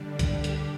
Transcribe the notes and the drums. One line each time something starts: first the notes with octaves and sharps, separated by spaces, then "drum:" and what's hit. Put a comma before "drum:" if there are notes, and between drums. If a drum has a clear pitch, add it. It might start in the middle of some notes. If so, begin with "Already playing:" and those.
Already playing: D3 G3 D4
G4, drum: kick, hi-hat
drum: hi-hat